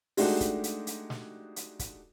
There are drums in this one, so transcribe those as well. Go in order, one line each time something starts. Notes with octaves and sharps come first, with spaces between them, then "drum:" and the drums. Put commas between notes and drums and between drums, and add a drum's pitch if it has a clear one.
G#3 A3 D4 D#4 F#4 G4, drum: open hi-hat
drum: kick, hi-hat
drum: hi-hat
drum: hi-hat
drum: snare
drum: hi-hat
drum: kick, hi-hat